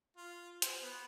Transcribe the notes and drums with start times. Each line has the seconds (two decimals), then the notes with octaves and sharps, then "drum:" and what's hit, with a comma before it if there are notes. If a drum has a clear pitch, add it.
0.17 F4
0.62 C5, drum: hi-hat
0.82 B3